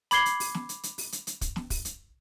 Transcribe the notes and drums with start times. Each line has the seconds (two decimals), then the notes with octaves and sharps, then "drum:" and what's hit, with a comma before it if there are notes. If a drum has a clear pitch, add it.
0.11 B5 D6 G#6 C7 G7, drum: hi-hat
0.26 drum: hi-hat
0.40 drum: open hi-hat
0.55 drum: snare
0.69 drum: hi-hat
0.83 drum: hi-hat
0.98 drum: open hi-hat
1.12 drum: hi-hat
1.27 drum: hi-hat
1.41 drum: kick, hi-hat
1.56 drum: snare
1.70 drum: kick, open hi-hat
1.85 drum: hi-hat